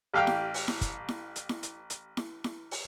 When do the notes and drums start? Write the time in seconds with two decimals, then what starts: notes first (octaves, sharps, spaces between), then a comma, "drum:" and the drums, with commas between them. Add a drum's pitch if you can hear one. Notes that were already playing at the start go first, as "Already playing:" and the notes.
0.13 A1 G4 F5 G5 F6
0.27 drum: snare E4
0.54 drum: open hi-hat
0.68 drum: snare E4
0.81 drum: kick, hi-hat
1.09 drum: snare E4
1.36 drum: hi-hat
1.49 drum: snare E4
1.63 drum: hi-hat
1.90 drum: hi-hat
2.17 drum: snare E4
2.44 drum: snare E4
2.71 drum: open hi-hat